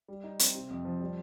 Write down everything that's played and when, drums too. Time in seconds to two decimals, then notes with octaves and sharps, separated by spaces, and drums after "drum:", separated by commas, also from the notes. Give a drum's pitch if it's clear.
0.08 G3
0.24 D#4
0.39 C4, drum: hi-hat
0.55 C3
0.70 F2
0.85 F3
1.00 G3